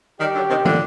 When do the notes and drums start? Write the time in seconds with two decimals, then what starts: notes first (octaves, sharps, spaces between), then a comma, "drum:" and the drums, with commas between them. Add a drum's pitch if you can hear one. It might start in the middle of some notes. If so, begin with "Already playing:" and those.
0.20 D#3 G3 G4
0.35 D3 F#3
0.50 C3 D#3
0.65 A#2 D3, drum: tom